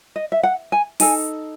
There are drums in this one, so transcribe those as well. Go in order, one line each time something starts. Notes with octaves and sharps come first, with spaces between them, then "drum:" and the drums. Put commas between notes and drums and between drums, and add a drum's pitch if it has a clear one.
D#5
E5
F#5
G#5
D#4 A4 G#5, drum: open hi-hat